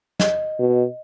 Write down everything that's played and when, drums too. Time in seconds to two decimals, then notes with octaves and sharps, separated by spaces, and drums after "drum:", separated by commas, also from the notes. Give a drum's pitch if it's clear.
0.20 D#5, drum: snare
0.60 B2